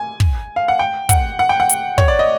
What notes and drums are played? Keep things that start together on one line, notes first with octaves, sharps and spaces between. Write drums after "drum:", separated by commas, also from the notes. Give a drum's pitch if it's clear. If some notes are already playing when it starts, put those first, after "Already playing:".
Already playing: G#5
drum: kick
F5
F#5
G5
F#5, drum: kick, hi-hat
F#5
G5
F#5
drum: hi-hat
C#5, drum: kick
D5
D#5